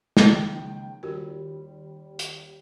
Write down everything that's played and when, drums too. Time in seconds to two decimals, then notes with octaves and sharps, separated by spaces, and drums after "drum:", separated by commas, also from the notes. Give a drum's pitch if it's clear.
0.17 C#2 D#3 F3 F#3 A#3 G5, drum: snare
1.03 D#2 G3 F4 F#4 A#4
2.19 drum: hi-hat